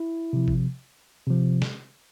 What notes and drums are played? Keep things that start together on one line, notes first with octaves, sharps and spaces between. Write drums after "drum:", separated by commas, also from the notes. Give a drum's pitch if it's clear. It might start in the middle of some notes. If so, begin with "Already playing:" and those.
Already playing: E4
C3 F3
drum: kick G#1
C3 F3
drum: snare